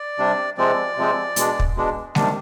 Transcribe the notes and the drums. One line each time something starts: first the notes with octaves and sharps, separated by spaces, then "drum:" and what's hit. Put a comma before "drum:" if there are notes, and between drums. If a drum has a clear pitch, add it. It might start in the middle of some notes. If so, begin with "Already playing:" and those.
Already playing: D5
C3 G3 D4
C3 F3 G#3 C4 D5
C3 F3 G#3 C4
B2 G#3 D4, drum: hi-hat
drum: kick
B2 G#3 D4
C3 D#3 G3 D4, drum: snare G#3